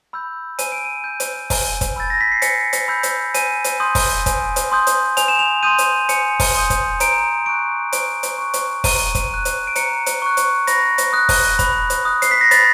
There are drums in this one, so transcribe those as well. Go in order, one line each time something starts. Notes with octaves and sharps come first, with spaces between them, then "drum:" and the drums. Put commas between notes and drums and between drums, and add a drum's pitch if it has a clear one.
B5 E6 G6
G#5 D#7, drum: hi-hat
D7
D#7
B5 E6 G6
drum: hi-hat
G#5, drum: kick, open hi-hat
drum: kick, hi-hat
B5 E6 G6 A6
A#6
B6
C7
G#5 C#7, drum: hi-hat
drum: hi-hat
B5 E6 G6
drum: hi-hat
G#5 D#7, drum: hi-hat
drum: hi-hat
C6 D#6 G6
drum: kick, open hi-hat
G#5, drum: kick, hi-hat
drum: hi-hat
C6 D#6 G6
drum: hi-hat
G#5 F7, drum: hi-hat
E7
F7
C6 D#6 G6 D#7
drum: hi-hat
G#5 C#7, drum: hi-hat
drum: kick, open hi-hat
C6 D#6 G6
drum: kick, hi-hat
A#5 D7, drum: hi-hat
C#6 F#6 D7
A#5 D7, drum: hi-hat
drum: hi-hat
C#6 F#6
drum: hi-hat
A#5 D#7, drum: kick, open hi-hat
drum: kick, hi-hat
C#6 F#6
drum: hi-hat
D7
A#5 C#7, drum: hi-hat
drum: hi-hat
C#6 F#6
drum: hi-hat
B5 A#6, drum: hi-hat
drum: hi-hat
D#6 F#6
drum: kick, open hi-hat
B5, drum: kick, hi-hat
drum: hi-hat
D#6 F#6
C7, drum: hi-hat
B6
A#6
B5 A6, drum: hi-hat